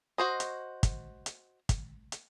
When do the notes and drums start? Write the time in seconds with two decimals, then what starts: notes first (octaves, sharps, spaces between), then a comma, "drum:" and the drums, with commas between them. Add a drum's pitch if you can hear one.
0.18 F#4 C5 D#5
0.40 drum: hi-hat
0.83 drum: kick, hi-hat
1.26 drum: hi-hat
1.69 drum: kick, hi-hat
2.12 drum: hi-hat